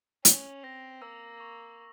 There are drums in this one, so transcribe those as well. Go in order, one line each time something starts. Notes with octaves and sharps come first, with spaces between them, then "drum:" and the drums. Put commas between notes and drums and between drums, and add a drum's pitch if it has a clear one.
C#4 F7, drum: hi-hat
C4 A#6
A#3 E6
C#6